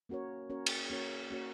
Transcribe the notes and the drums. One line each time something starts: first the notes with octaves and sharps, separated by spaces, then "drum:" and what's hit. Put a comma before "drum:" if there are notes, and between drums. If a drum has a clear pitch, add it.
A#3 C#4 F#4 A#4 C#5
A#3 C#4 F#4 A#4 C#5
drum: cymbal
A#3 C#4 F#4 A#4 C#5
A#3 C#4 F#4 A#4 C#5